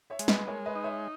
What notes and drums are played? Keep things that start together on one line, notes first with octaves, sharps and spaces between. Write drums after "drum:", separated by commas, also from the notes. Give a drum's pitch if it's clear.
C#5 E5
G#3, drum: hi-hat
B4 D#5, drum: snare
G#3 A#4 C#5
B4 D#5
D#4
C#5 E5